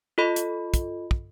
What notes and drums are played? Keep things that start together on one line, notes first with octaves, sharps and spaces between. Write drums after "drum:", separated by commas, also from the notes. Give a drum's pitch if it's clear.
F4 A4 D#5 B5
drum: hi-hat
drum: kick, hi-hat
drum: kick